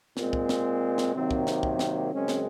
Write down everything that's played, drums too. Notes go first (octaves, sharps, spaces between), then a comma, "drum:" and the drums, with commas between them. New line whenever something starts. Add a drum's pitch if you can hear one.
A#2 G#3 C4, drum: snare
drum: kick
drum: snare
drum: snare
C3 D#3 F#3 A#3 C4
drum: kick
drum: snare
drum: kick
drum: snare
F#2 C#3 G#3 C4 C#4
drum: snare